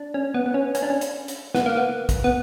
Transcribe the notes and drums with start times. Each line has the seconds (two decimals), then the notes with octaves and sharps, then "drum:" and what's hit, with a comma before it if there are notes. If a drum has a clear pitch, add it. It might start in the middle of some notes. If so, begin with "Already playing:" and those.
Already playing: D4
0.14 C#4
0.34 B3
0.46 B3
0.54 C#4
0.75 C#4, drum: hi-hat
0.82 D4
0.90 C#4
1.01 drum: hi-hat
1.28 drum: hi-hat
1.55 B3, drum: snare
1.66 A#3
1.77 B3
2.09 drum: kick, hi-hat
2.24 B3